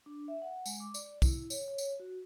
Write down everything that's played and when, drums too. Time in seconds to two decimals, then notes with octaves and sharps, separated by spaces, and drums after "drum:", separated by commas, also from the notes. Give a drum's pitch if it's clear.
0.06 D4
0.28 E5
0.42 F#5
0.66 G#3, drum: tambourine
0.80 D6
0.94 D5, drum: tambourine
1.22 E4, drum: kick, tambourine
1.50 C#5, drum: tambourine
1.68 C#5
1.78 drum: tambourine
2.00 F#4